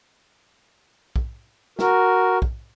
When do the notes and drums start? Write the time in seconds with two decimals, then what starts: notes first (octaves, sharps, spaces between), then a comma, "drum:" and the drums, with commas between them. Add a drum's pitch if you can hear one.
1.16 drum: kick
1.79 F#4 A#4, drum: snare
2.42 drum: kick